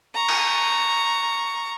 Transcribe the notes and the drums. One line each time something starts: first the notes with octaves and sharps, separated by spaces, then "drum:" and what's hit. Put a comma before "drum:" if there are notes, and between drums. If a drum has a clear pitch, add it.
A#5 C#6
drum: cymbal